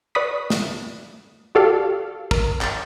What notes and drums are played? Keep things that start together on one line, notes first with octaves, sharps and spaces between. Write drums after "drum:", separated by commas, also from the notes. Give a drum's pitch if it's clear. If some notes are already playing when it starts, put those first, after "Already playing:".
B4 D5 B5 C#6 D#6 B6
drum: snare
F#4 G4 A4 D5 F5
A#4, drum: kick
drum: clap